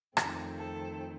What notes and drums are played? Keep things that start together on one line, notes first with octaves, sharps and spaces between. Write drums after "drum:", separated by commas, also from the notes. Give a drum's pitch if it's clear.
F2 D#3 A3 C4, drum: rim click
A4